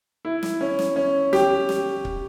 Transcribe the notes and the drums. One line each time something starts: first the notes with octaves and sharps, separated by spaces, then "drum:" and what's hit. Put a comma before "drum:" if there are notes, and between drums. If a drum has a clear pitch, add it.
E4
drum: snare
C#4
drum: snare
C#4
G4, drum: snare
drum: snare
drum: kick C#1